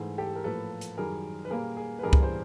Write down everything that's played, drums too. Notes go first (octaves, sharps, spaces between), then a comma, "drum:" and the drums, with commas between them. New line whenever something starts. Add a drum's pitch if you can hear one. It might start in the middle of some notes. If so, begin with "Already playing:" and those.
Already playing: G#2 E3 A3 G#4
G4 A4
A#4
A2 F3 A#3 A4 B4
drum: hi-hat
F#2 D#3 G3 G#4 A#4
B4
A#2 G3 A#3 G#4 A#4
G#4
B4
G2 E3 G3 B3 G#4 A#4
drum: kick C#2
C5